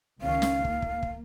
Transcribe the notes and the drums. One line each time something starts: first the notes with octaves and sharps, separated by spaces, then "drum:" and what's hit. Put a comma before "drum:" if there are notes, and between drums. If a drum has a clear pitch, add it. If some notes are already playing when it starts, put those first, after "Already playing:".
C#2 D#3 C#4 F5
drum: snare
A#3, drum: kick
drum: kick
drum: kick